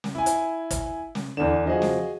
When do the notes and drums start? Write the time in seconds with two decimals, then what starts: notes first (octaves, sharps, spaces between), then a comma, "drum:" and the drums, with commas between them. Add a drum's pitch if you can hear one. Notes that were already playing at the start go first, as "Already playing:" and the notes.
0.04 drum: snare
0.15 E4 G#5
0.26 drum: hi-hat
0.71 drum: kick, hi-hat
1.15 drum: snare
1.37 E2 D3 E7
1.67 F3 F#4 G#4 D#5
1.82 drum: snare